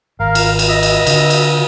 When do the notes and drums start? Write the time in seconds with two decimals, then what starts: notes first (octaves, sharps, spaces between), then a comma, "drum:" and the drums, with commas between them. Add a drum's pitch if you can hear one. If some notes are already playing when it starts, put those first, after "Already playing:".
0.20 G#1 A#4 F5
0.35 drum: cymbal
0.59 drum: cymbal
0.68 D#5 E5
0.83 drum: cymbal
1.07 D3, drum: cymbal
1.30 drum: cymbal